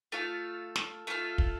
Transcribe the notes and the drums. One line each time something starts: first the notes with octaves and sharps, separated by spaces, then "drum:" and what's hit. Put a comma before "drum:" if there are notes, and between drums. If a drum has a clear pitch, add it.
A3 F4 A4 F5
drum: snare
A3 F4 A4 F5
drum: kick